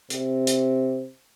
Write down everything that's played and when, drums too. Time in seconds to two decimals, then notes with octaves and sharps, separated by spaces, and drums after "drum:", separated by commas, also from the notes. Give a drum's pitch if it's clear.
0.10 C3, drum: hi-hat
0.47 drum: hi-hat